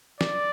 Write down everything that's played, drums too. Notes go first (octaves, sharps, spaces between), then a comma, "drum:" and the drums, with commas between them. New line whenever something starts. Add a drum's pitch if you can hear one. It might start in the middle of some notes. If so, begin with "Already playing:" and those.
D5, drum: snare